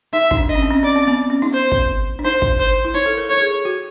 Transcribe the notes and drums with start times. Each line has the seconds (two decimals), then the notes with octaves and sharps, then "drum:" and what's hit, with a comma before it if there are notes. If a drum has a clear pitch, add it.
0.13 D#4 E5
0.31 D#4, drum: kick
0.37 D4
0.49 D4 D#5
0.55 C#4
0.62 C4
0.70 C#4
0.83 C#4 D5
0.96 C4
1.08 B3
1.30 C#4
1.42 D#4
1.54 C5
1.72 drum: kick
2.19 D4
2.25 D#4 C5
2.42 drum: kick
2.60 C5
2.85 E4
2.94 D#4 C#5
3.06 A4
3.18 A#4
3.30 C#5
3.41 G#4
3.65 F#4